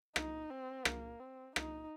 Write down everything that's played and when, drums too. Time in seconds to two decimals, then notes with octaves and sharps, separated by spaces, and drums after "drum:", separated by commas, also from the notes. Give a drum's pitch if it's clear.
0.16 D#4, drum: rim click
0.51 C4
0.85 A#3, drum: rim click
1.20 C4
1.56 D#4, drum: rim click